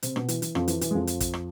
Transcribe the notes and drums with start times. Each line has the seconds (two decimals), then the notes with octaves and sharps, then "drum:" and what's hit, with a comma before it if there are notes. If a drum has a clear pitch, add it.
0.03 C3 C4, drum: hi-hat
0.16 B2 B3, drum: rim click
0.28 E3, drum: hi-hat
0.42 E3, drum: hi-hat
0.55 F2 F3, drum: rim click
0.68 E3, drum: hi-hat
0.81 E3, drum: hi-hat
0.91 G#3
0.95 F2 F3
1.07 drum: hi-hat
1.20 drum: kick, hi-hat
1.33 drum: rim click